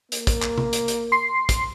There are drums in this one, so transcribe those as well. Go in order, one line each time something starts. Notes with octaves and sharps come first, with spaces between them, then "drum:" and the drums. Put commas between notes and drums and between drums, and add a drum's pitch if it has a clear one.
A#3, drum: hi-hat
drum: kick, hi-hat
drum: clap
drum: tom
drum: hi-hat
drum: hi-hat
C6 C7
drum: kick, hi-hat